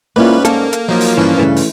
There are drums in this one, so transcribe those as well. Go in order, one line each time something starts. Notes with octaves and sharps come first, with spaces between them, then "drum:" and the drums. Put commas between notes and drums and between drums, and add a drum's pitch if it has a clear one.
G#2 G3 A#3 C#4 E4 F4 B4
A#3 A4 F5, drum: hi-hat
drum: hi-hat
F3 F#3 A#3 D#4
drum: open hi-hat
G2 E3 C#4 A4 B4
G2 C#3 E3 A3
drum: open hi-hat